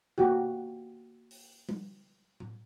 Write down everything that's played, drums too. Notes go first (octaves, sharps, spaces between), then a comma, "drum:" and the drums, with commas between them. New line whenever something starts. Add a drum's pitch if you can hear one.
A#3 F#4 G4, drum: tom B2
drum: open hi-hat
drum: tom G3
drum: tom A2